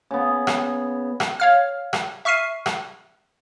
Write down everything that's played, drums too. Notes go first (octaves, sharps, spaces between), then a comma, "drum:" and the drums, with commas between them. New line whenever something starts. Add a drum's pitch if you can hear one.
C#3 B3
drum: rim click
drum: rim click
C#5 F5 F6
drum: rim click
E5 C#6 F6 C7 D#7
drum: rim click